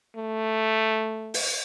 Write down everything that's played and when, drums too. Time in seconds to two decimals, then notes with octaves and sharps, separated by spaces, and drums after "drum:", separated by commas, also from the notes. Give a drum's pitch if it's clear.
0.16 A3
1.34 drum: open hi-hat